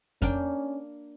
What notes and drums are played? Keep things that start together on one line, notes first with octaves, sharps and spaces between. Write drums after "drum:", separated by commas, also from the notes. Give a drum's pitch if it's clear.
A#3 C#4 D4 G5, drum: kick F2